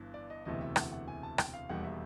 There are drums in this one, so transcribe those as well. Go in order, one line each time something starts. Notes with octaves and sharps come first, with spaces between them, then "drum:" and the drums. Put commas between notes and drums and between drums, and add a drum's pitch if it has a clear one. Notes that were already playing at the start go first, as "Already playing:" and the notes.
Already playing: G1 G2 E3
D5
D#5
E1 D2 C3 E3 A3 D#5
E5
F#5, drum: rim click
F#5
G#5
A5
G5, drum: rim click
F5
E1 D#2 D#3 G3 F#5
E5